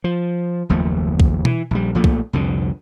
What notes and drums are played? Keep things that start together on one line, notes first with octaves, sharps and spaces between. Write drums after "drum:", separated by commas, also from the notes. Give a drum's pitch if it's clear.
F3
F#1 D#2 F3 A3
drum: kick B1
E3, drum: tom B2
A#1 G3
A#1 A#2 F3 A3
drum: kick B1
C2 F2 D3